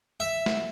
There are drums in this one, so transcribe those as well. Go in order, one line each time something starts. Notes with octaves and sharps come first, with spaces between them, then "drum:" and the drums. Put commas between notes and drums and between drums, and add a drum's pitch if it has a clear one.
E5
drum: snare